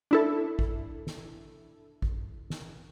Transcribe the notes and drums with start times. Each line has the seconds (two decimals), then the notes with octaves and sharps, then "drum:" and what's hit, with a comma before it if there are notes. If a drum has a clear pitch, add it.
0.11 D4 E4 A4
0.59 drum: kick
1.07 drum: snare
2.02 drum: kick
2.50 drum: snare